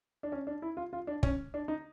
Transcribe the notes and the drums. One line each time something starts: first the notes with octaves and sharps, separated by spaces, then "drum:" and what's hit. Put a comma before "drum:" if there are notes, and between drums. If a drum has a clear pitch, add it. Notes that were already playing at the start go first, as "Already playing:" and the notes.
D4
C#4
D4
E4
F4
F4
D4
C#4, drum: kick
D4
D#4